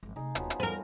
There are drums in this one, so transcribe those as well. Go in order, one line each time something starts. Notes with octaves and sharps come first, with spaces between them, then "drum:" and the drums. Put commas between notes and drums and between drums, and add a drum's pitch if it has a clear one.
G#1 F3
C3 A3 D#4 G#4
D#1 F3 F#3 B3, drum: hi-hat
drum: hi-hat
E2 E3 A#4 B4